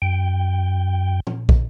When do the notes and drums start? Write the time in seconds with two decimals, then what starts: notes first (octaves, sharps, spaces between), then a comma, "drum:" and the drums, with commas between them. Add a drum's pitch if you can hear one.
0.02 F#2 G5
1.27 drum: tom
1.49 drum: kick